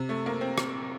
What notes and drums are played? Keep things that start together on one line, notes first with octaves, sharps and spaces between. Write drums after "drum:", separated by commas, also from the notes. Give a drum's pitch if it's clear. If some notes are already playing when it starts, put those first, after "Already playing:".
Already playing: C3
A3
A#3
C4
drum: rim click